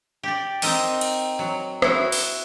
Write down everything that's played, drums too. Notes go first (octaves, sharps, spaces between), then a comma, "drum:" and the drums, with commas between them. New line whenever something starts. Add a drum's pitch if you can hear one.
G4 D5
C4 D#4 A#4 D#5, drum: open hi-hat
drum: cymbal
F#3
E4 F#4, drum: rim click
drum: open hi-hat